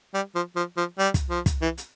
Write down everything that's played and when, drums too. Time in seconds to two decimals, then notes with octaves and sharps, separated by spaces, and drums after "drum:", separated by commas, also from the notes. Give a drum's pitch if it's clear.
0.14 G3
0.35 F3
0.56 F3
0.77 F3
0.98 G3
1.14 drum: kick, hi-hat
1.30 F3
1.46 drum: kick, hi-hat
1.62 E3
1.78 drum: hi-hat